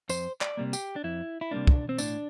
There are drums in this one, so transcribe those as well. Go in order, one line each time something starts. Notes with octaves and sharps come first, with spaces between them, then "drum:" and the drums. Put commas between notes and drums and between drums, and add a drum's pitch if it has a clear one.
F2 C5, drum: tambourine
D5, drum: clap
C3 G3 A#3
G4, drum: tambourine
D4
F2 E4
E4
C3 G3 A#3 D4
drum: kick
C4
A2 D4, drum: tambourine